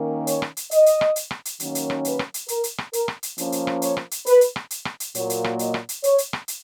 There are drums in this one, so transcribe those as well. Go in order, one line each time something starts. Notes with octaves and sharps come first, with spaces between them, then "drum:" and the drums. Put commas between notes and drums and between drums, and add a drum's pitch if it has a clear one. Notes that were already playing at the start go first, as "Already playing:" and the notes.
Already playing: D#3 A#3 C#4
C#5, drum: hi-hat
drum: rim click
drum: hi-hat
D#5, drum: hi-hat
drum: hi-hat
drum: rim click
drum: hi-hat
drum: rim click
drum: hi-hat
D#3 F#3 A#3 C#4, drum: hi-hat
drum: hi-hat
drum: rim click
B4, drum: hi-hat
drum: rim click
drum: hi-hat
A#4, drum: hi-hat
drum: hi-hat
drum: rim click
A#4, drum: hi-hat
drum: rim click
drum: hi-hat
F3 A#3 C#4, drum: hi-hat
drum: hi-hat
drum: rim click
C#5, drum: hi-hat
drum: rim click
drum: hi-hat
B4, drum: hi-hat
drum: hi-hat
drum: rim click
drum: hi-hat
drum: rim click
drum: hi-hat
A#2 F#3 A#3 C#5, drum: hi-hat
drum: hi-hat
drum: rim click
D#5, drum: hi-hat
drum: rim click
drum: hi-hat
C#5, drum: hi-hat
drum: hi-hat
drum: rim click
drum: hi-hat